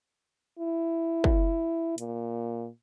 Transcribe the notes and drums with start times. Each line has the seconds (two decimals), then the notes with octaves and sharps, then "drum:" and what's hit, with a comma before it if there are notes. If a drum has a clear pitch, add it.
0.59 E4
1.24 drum: kick
1.98 A#2, drum: hi-hat